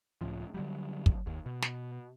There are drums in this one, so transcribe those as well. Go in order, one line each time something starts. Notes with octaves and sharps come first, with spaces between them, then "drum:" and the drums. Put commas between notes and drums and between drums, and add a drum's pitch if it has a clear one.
C#2 A2 C#3 F3
D3 F#3 G3
drum: kick
D#2
B2
drum: snare